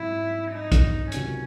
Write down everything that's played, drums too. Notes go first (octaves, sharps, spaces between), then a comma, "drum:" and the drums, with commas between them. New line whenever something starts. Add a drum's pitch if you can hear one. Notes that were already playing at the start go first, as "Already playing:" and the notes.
Already playing: G#2 F#3 C4 E4
D#4
drum: kick, hi-hat
C#2 C3 D#3 F#3 C#4, drum: hi-hat